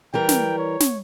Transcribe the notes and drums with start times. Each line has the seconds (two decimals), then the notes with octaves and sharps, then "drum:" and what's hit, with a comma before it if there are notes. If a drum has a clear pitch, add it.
0.14 E3 G3 A#4 G5
0.29 drum: snare
0.58 C#5
0.80 drum: snare